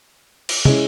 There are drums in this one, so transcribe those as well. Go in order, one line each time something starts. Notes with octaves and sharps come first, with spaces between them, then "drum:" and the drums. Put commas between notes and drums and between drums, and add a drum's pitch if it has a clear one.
drum: cymbal
G#3 C#4 E4, drum: tom